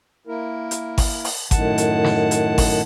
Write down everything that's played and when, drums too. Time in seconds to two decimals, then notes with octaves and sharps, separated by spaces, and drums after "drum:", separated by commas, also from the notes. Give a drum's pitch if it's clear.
0.27 A#3 E4 A#4
0.71 drum: hi-hat
0.98 drum: kick G#1, open hi-hat
1.24 drum: open hi-hat
1.51 F#2 A2 D#3 F#5 A5, drum: kick G#1, hi-hat
1.78 drum: hi-hat
2.04 drum: snare
2.31 drum: hi-hat
2.58 drum: kick G#1, open hi-hat